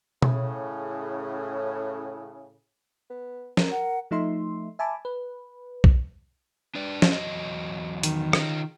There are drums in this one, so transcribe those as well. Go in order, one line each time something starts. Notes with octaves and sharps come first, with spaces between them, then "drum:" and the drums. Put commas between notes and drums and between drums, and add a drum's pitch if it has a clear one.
A2 C#3, drum: tom B2
B3
A#4, drum: snare
F#5
F3 A3 D#4 E5 C6
E5 G#5 A5 B5 D6
B4
drum: kick B1
D4 B4 D5
drum: snare
E2 F#3 D#5
D#3, drum: hi-hat
F4 G#4 D#5, drum: rim click